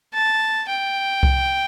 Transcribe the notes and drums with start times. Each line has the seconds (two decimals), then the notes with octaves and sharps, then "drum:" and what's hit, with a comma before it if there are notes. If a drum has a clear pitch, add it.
0.14 A5
0.69 G5
1.23 drum: kick C2